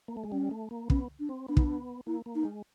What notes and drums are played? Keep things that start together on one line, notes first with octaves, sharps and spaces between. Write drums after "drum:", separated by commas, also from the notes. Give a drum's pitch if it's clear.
A#3
A3
G#3
G3 C#4
A3
A#3
B3 C#4, drum: kick
D4
C4
B3 D4
D#4, drum: kick
D4
A#3 E4
A#3
D#4
G#3